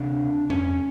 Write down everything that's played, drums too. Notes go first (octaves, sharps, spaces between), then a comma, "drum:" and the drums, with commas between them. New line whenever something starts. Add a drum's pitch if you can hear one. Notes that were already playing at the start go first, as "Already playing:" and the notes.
Already playing: D2 C3 D4
C#4, drum: tom F2